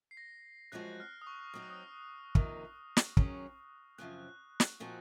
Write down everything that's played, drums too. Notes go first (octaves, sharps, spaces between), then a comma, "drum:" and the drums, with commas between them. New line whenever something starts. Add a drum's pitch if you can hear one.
C7
A#6
F#2 F3 G#3 C4 F#4 F#6
F6
D#6
C#6
F#3 C4 D#4 F#4 D#6
F6
D#6
F2 C3 D#3 A#3 D#4, drum: kick
drum: snare
D#3 F#3 C#4 G#4, drum: kick
F#2 C#3 F3 C4 F#6
drum: snare
A#2 F3 C4 D#4 F#4